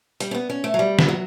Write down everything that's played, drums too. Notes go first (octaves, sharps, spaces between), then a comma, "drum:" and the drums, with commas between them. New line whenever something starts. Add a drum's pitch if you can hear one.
G3, drum: hi-hat
C#4
B3
C#4
A3
F#3
G3
drum: snare
F#3